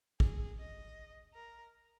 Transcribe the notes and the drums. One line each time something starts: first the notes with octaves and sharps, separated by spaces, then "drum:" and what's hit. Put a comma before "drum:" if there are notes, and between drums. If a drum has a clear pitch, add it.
G#4, drum: kick
D#5
A#4